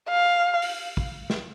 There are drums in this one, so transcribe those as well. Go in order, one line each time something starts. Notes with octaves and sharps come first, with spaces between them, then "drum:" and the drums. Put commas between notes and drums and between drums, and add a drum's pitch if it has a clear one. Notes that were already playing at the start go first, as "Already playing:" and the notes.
F5
drum: open hi-hat
drum: kick
drum: snare